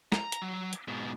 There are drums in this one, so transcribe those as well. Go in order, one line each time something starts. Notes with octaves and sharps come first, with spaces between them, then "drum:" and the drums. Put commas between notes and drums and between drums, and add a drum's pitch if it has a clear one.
A#5, drum: snare
drum: hi-hat
F#3
drum: hi-hat
G#2 B2